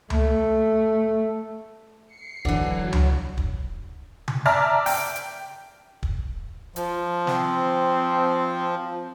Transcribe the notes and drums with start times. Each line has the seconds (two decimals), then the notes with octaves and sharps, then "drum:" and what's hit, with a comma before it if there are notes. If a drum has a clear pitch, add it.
0.10 A3, drum: tom C#2
2.06 C7 C#7
2.45 D3 E3 F#3, drum: kick
2.93 drum: tom C#2
3.37 drum: kick
4.28 drum: tom C#3
4.46 D5 E5 A5 A#5 F6
4.86 G5, drum: open hi-hat
5.15 drum: hi-hat
6.03 drum: kick
6.76 F3, drum: hi-hat
7.27 C4, drum: snare